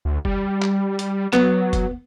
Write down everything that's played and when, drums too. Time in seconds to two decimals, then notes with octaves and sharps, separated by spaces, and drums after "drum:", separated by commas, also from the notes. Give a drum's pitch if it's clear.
0.05 D2
0.25 G3, drum: kick
0.62 drum: clap
0.99 drum: hi-hat
1.33 F#3 B3, drum: clap
1.73 drum: kick, hi-hat